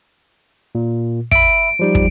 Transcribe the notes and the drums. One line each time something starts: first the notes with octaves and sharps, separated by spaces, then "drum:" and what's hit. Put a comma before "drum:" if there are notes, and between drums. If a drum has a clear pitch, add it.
A#2
E5 B5 D7, drum: kick
F3 G3 D#4
drum: kick